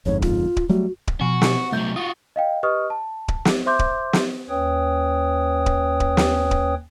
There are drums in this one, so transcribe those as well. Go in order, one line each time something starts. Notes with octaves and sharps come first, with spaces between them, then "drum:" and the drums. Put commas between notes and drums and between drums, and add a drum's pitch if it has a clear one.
G1 F2 G#2 C#5
F4, drum: kick D1
drum: kick D1
F#3 G3 A3 F#4
drum: kick D1
B2 F3 F#4 G#5
drum: snare
C2 F#3 A3 E5 G6
F4 F#4 D#6
D#5 F5 G5
G4 B4 D#5 C#6 D#6 F6
A5
drum: kick D1
drum: snare
C5 E5 C6 D6 G6
drum: kick D1
drum: snare
D#2 C#4 B4 C#5 G5 D#6
drum: kick D1
drum: kick D1
drum: snare
drum: kick D1